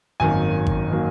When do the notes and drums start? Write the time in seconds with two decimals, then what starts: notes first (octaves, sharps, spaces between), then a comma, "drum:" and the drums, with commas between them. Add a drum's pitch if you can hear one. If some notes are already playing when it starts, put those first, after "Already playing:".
0.20 G#1 F#2 D#3 F#3 A#3 G#5
0.66 drum: kick G#1
0.91 D#3 F#3 A#3